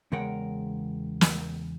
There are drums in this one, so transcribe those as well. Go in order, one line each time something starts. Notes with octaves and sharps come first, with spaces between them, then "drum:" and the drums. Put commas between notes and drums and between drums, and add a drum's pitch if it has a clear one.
E2 C#3 G#3 A#4 F#5 G5
drum: snare